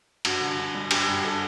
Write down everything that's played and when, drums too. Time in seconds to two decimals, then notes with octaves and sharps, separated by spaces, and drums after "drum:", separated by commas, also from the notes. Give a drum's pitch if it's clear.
0.25 G2 F#4, drum: cymbal
0.41 D3
0.59 G2
0.75 G3
0.91 G2 G4, drum: cymbal
1.08 G2
1.25 A4